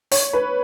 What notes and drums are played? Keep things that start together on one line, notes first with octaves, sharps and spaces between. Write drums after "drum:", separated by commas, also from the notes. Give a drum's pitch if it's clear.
C#5, drum: open hi-hat
B4